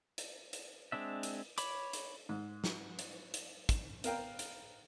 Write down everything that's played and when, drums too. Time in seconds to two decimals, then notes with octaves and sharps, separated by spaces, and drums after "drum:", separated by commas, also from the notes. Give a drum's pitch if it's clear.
0.18 drum: hi-hat
0.53 drum: hi-hat
0.92 G#3 C4 D4 E5
1.23 drum: hi-hat
1.58 C#5 B5 D6, drum: hi-hat
1.93 drum: hi-hat
2.29 G#2
2.64 drum: snare
2.99 drum: hi-hat
3.34 drum: hi-hat
3.69 drum: kick, hi-hat
4.04 B3 A#4 F5 G5, drum: hi-hat
4.39 drum: hi-hat